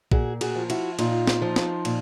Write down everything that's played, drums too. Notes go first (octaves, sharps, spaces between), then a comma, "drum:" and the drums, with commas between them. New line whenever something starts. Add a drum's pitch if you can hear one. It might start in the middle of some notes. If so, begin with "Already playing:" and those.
A#2 F#4 G#4, drum: kick A#1
F#4 G#4, drum: cymbal
F3
E4 F#4, drum: cymbal
A#2 D#4 F4, drum: cymbal
drum: snare
F3
drum: snare
A#2, drum: cymbal